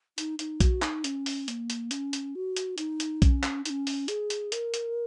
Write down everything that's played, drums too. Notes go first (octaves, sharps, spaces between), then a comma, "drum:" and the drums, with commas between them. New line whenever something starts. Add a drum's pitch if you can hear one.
D#4, drum: hi-hat
D#4, drum: hi-hat
F#4, drum: kick B1, hi-hat
D#4, drum: clap
C#4, drum: hi-hat
drum: open hi-hat
A#3, drum: hi-hat
drum: hi-hat
C#4, drum: hi-hat
drum: hi-hat
F#4
drum: hi-hat
D#4, drum: hi-hat
drum: hi-hat
C#4, drum: kick B1, hi-hat
drum: clap
D#4, drum: hi-hat
C#4
drum: open hi-hat
G#4, drum: hi-hat
drum: hi-hat
A#4, drum: hi-hat
drum: hi-hat